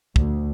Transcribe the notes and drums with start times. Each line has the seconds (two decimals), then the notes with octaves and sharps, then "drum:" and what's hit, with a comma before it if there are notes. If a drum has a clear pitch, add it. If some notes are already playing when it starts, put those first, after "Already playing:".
0.16 D2, drum: kick